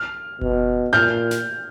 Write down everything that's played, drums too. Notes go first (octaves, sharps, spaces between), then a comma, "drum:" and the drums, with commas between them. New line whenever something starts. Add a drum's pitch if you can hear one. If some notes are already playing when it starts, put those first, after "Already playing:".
Already playing: F6
B2, drum: kick F#1
A#2 F6 G6
drum: snare